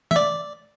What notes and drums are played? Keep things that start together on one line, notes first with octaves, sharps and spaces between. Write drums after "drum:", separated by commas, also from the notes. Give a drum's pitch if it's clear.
E5, drum: tom
D5